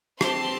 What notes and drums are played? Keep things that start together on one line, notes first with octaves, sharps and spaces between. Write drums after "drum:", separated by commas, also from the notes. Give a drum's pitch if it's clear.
C4 G4 A5 C6, drum: rim click